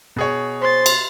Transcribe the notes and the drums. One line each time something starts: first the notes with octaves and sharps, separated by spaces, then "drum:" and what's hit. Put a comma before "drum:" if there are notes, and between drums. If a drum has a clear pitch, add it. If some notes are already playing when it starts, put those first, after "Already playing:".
B2 G#4 C#5
C5 C6 A6
drum: cymbal